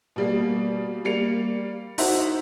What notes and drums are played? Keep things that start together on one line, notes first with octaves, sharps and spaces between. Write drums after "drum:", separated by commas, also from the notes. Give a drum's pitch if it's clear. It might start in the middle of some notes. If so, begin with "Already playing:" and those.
B2 G3 A#3
G3 A#3 C#7 F7
D#4 E4 F#4 C5 E5, drum: open hi-hat